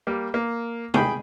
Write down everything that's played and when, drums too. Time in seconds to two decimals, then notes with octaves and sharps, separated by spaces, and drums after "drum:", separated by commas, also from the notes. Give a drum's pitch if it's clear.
0.07 G3 A#3
0.34 A#3
0.94 G#4 G5 B5, drum: tom